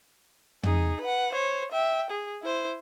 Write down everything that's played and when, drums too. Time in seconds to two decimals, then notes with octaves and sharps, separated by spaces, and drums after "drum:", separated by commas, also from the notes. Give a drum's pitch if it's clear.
0.63 D#4 G#4, drum: tom
1.01 B4 F#5
1.32 C5 C#5
1.72 E5 G5
2.10 G#4
2.42 E4 C5